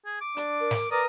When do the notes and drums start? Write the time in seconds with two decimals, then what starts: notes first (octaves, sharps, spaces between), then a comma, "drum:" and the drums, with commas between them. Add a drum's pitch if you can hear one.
0.06 G#4
0.21 D6
0.37 D4, drum: hi-hat
0.60 A#4
0.71 drum: snare
0.91 A#4 B4 D5 D#6